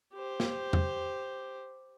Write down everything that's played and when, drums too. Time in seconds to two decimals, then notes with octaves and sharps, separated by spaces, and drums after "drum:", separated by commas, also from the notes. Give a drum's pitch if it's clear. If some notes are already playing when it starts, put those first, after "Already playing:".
0.14 G4 C5
0.40 drum: snare
0.73 drum: tom E2